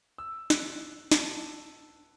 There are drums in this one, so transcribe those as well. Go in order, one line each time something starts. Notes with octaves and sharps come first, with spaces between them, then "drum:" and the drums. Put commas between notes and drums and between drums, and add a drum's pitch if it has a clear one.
E6
F#6, drum: snare
A5, drum: snare